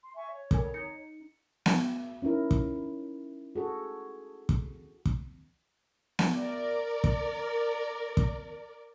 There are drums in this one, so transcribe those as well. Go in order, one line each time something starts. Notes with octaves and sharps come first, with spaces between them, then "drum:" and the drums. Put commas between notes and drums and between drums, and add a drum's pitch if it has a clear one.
C6
E5 G#5 C#6
C#5
G2 A4 A#4 G#5, drum: kick
D#4 C#7
drum: snare B3
C#4 D#4 E4 A#4
drum: kick
F#4 G#4 A4
drum: kick
drum: kick
drum: snare B3
A#4 D5
drum: kick
drum: kick